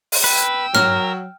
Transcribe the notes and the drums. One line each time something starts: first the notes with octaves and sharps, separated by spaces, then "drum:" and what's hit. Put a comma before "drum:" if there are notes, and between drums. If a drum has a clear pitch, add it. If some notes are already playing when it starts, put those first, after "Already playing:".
drum: open hi-hat
B4 G5 E6
F#3 A#4 F6, drum: tom